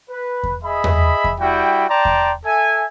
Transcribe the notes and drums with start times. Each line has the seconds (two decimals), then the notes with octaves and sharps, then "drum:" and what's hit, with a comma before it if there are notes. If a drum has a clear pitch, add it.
0.10 B4
0.43 drum: kick E2
0.63 G#4 D#5 E5 B5
0.84 drum: tom E2
1.24 drum: kick E2
1.40 G3 E4 F#4 G5
1.89 D5 G5 A5 A#5 C6
2.05 drum: kick E2
2.46 A4 E5 G#5